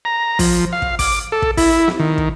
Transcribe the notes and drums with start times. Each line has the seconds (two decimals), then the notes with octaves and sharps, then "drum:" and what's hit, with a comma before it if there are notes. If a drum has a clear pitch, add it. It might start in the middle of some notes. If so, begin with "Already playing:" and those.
0.05 A#5
0.39 F3, drum: kick, open hi-hat
0.73 F5
0.82 drum: kick
0.99 D6, drum: kick, open hi-hat
1.32 A4
1.42 drum: kick
1.57 E4, drum: kick, open hi-hat
1.88 drum: snare
2.00 D#3
2.18 drum: kick